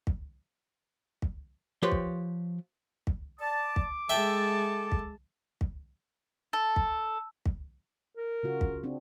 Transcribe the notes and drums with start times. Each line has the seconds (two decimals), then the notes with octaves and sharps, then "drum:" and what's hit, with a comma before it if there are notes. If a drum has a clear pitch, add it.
0.07 drum: kick
1.22 drum: kick
1.82 F3 G4 B4 C#5 C6
1.92 drum: kick
3.07 drum: kick
3.40 D5 A5 D6
3.76 drum: kick
4.09 G#3 A4 E5 G5 A5
4.92 drum: kick
5.61 drum: kick
6.53 A4
6.76 drum: kick
7.46 drum: kick
8.17 A#4
8.43 C#3 F4 F#4
8.61 drum: kick
8.84 C4 D4